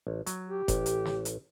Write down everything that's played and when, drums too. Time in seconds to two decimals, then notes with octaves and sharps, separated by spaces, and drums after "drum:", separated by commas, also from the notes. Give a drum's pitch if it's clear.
0.07 A1
0.26 F#3, drum: hi-hat
0.50 G4
0.68 A1, drum: kick F1, hi-hat
0.86 drum: hi-hat
1.05 drum: snare
1.25 drum: hi-hat